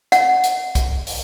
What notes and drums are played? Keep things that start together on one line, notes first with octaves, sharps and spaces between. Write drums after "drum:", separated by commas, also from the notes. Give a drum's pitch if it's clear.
F#5, drum: hi-hat
drum: hi-hat
drum: kick, hi-hat
drum: open hi-hat